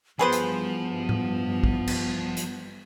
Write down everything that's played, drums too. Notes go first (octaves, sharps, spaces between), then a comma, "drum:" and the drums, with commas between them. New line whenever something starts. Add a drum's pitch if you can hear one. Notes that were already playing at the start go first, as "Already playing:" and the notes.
G2 E3 F3 B3 G#4 B4 C5
drum: hi-hat
drum: tom A2
drum: kick
drum: cymbal
drum: hi-hat